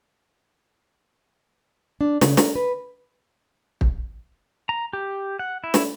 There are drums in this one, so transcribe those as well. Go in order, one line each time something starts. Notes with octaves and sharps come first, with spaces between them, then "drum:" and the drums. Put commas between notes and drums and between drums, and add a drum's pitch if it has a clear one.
D4
C#3, drum: snare
A#4, drum: snare
B4
drum: kick
A#5
G4
F#5
E4
drum: snare